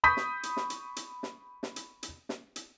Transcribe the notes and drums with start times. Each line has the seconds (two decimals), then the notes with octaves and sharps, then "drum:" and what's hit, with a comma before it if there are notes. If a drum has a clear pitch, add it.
0.04 B5 C#6 D#6 G6 B6
0.17 drum: snare
0.43 drum: hi-hat
0.57 drum: snare
0.70 drum: hi-hat
0.96 drum: hi-hat
1.23 drum: snare
1.63 drum: snare
1.76 drum: hi-hat
2.03 drum: hi-hat
2.29 drum: snare
2.56 drum: hi-hat